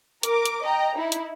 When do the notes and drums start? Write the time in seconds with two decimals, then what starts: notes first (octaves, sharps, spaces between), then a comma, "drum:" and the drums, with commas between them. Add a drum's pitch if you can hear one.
0.23 A#4 D6, drum: hi-hat
0.45 drum: hi-hat
0.64 D#5 G5 A#5
0.97 D#4 E4
1.12 drum: hi-hat